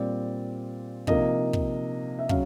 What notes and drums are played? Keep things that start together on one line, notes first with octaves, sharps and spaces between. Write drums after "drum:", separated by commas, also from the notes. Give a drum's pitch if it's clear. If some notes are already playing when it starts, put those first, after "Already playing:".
Already playing: A#2 G3 C4 D5
C3 F3 A#3 D#4 D#5, drum: kick
drum: kick
E5
C#3 F#3 F5, drum: kick